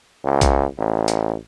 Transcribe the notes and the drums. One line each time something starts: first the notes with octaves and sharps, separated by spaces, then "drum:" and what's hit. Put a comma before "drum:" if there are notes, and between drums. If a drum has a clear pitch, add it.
C#2
drum: kick A#1, hi-hat
A1
drum: hi-hat